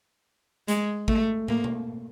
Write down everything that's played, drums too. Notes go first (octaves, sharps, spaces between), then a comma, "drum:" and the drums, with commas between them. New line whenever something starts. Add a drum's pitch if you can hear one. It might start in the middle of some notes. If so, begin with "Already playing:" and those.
G#3, drum: hi-hat
A3, drum: kick G#1
A#3, drum: tom
drum: tom B2